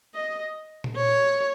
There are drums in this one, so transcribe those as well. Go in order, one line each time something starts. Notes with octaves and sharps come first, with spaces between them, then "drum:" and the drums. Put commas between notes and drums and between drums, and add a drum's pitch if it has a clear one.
D#5
drum: tom A#2
C#5